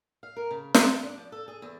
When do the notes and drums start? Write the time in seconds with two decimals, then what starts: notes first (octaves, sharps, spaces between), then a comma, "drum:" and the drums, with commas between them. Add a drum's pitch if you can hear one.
0.23 F5
0.37 A#4
0.51 C#3
0.75 C5, drum: snare
0.91 B4
1.03 D4
1.18 F3
1.32 A4
1.48 G#4
1.62 E2